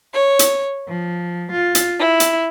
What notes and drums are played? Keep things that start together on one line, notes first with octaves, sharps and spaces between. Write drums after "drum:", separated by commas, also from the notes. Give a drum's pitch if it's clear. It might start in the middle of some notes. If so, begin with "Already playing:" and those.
C#5
drum: hi-hat
F3
F4
drum: hi-hat
E4
drum: hi-hat